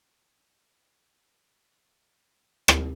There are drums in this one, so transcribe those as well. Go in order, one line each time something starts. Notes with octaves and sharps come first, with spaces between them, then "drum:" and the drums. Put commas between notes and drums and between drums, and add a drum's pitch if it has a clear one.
A5
D3 E3 F3 G3 G#3 A#3
E3 G3 A#3 D4 A#4 C5
B4 E5 A#5 C#6 D#6 E6
drum: rim click